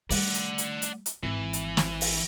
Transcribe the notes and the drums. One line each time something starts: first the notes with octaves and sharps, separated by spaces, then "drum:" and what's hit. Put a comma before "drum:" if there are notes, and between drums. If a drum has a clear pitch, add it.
G3 A3 D5 F#5, drum: open hi-hat
drum: hi-hat
drum: hi-hat
drum: hi-hat
drum: hi-hat
G#1 E3
drum: hi-hat
drum: snare
drum: open hi-hat